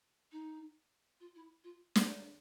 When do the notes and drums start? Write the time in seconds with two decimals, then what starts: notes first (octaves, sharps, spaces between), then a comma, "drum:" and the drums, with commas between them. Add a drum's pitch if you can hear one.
0.31 D#4
1.20 F4
1.35 E4
1.63 F4
1.95 drum: snare